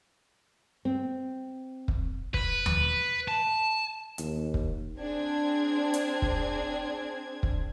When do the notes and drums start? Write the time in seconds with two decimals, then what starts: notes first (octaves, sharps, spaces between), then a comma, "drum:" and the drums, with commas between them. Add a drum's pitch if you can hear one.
0.85 C4
1.88 drum: kick
2.34 B4, drum: kick
2.66 drum: tom D#2
3.28 A5
4.18 D#2, drum: hi-hat
4.54 drum: kick
5.00 C4 D4 G#4 G#6
5.94 drum: hi-hat
6.22 drum: kick
7.43 drum: kick